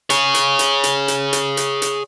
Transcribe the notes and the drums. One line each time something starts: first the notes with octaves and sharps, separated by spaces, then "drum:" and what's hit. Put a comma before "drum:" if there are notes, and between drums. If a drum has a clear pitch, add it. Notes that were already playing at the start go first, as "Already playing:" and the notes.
G#4 C#5, drum: hi-hat
drum: hi-hat
drum: hi-hat
drum: hi-hat
drum: hi-hat
drum: hi-hat
drum: hi-hat
drum: hi-hat